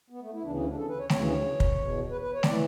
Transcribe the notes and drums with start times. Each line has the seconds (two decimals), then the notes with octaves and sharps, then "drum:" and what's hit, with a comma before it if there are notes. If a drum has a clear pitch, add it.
0.10 B3
0.21 A3
0.33 E4
0.43 D2 C#3 E3 D4
0.52 B3
0.61 C#4
0.68 D4
0.76 A4
0.88 B4
0.99 C#5
1.09 D2 C#3 E3 C#5, drum: snare A3
1.60 drum: kick
1.77 E2 B2
2.10 B4
2.21 B4
2.32 C#5
2.43 E3 D5, drum: snare A3